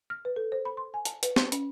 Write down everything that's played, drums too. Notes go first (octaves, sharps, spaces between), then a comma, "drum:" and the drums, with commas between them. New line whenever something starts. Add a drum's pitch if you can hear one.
F6
B4
A4
C5
B5
C6
G#5
A5, drum: hi-hat
B4, drum: hi-hat
C6, drum: snare
C#4, drum: hi-hat